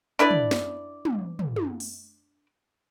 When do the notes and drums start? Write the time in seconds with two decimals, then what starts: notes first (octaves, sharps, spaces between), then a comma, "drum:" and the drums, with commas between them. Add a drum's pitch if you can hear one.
0.19 D4 E4 B4 D5
0.31 drum: tom
0.51 drum: snare
1.05 drum: tom
1.39 drum: tom
1.56 drum: tom
1.80 drum: open hi-hat